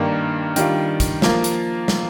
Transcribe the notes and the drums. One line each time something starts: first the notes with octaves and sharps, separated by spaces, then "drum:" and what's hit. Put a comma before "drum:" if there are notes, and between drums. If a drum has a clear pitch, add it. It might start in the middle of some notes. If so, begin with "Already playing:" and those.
Already playing: G2 D#3 A#3 D4
D#3 G3 D4 F4, drum: hi-hat
drum: kick, hi-hat
F3 A#3 F4, drum: snare
drum: hi-hat
drum: snare